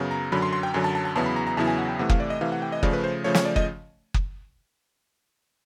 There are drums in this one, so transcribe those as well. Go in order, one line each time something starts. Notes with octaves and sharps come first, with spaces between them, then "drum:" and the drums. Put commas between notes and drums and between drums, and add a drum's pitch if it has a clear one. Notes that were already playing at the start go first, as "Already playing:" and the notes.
Already playing: F#2 C#3 F#3 B3
A#5
F#2 D3 F#3 B5
C6
C6
G5
F#2 D3 F#3 G#5
A5
A5
A5
E2 C#3 F#3 B3 E4 A5
B5
A#5
A#5
E2 C#3 F#3 B3 E4 A5
G#5
F#5
G5
C3 E3 A3 F#5
F5, drum: kick F#1
D5
D#5
C3 E3 A3 F5
F#5
G5
D#5
C#3 F3 A3 D5, drum: kick F#1
B4
C5
C#3 F3 A3 C#5
C#5, drum: snare
D5
D#5, drum: kick F#1
drum: kick F#1